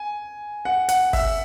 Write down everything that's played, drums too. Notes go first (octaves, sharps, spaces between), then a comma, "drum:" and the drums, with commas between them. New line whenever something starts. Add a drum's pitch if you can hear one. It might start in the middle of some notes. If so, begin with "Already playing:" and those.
Already playing: G#5
F#5
F#5, drum: hi-hat
E5, drum: kick G1, open hi-hat